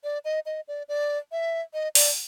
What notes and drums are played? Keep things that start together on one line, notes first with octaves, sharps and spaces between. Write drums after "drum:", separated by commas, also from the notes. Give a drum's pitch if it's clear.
D5
D#5
D#5
D5
D5
E5
D#5
D5, drum: open hi-hat